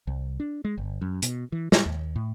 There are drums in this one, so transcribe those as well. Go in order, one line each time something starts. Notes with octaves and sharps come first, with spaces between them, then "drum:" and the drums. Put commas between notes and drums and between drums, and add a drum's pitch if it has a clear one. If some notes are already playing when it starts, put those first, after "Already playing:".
C2
D4
G#3
G1
F#2
B2, drum: hi-hat
E3
G3, drum: snare
D#2
A2